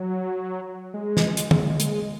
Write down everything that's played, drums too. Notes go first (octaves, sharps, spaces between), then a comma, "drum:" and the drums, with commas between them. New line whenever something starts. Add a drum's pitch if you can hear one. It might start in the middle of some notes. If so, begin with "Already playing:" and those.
Already playing: F#3
G#3
drum: snare
drum: hi-hat
G#3, drum: tom
G#3, drum: hi-hat